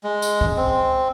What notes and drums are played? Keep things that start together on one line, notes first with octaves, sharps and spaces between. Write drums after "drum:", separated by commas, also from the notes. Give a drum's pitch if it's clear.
G#3
drum: tambourine
drum: kick C2
C4